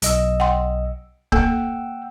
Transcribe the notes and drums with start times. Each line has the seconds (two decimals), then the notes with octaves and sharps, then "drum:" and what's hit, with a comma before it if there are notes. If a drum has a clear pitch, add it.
0.02 B1 D#5 E6, drum: hi-hat
0.40 F#5 G5 C6
1.32 A#3 A4 F#5 G5 E6, drum: kick C#1